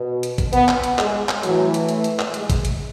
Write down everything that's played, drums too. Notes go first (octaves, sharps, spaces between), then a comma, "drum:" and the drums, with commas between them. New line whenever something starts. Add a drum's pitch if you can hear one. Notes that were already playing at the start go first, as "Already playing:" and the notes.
Already playing: B2
drum: hi-hat
drum: kick G#1, hi-hat
B3, drum: hi-hat
drum: clap
drum: hi-hat
G#3, drum: clap
drum: clap
A2 E3 F#3, drum: hi-hat
drum: hi-hat
A3, drum: hi-hat
drum: hi-hat
drum: clap
G#3, drum: hi-hat
drum: kick G#1, hi-hat
drum: hi-hat